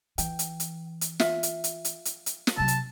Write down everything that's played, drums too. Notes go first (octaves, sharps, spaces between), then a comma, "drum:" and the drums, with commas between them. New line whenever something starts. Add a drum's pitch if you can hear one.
E3 G5, drum: hi-hat
drum: hi-hat
drum: hi-hat
drum: hi-hat
F4 E5, drum: snare
drum: hi-hat
drum: hi-hat
drum: hi-hat
drum: hi-hat
drum: hi-hat
drum: snare
C3 F#3 A5
drum: hi-hat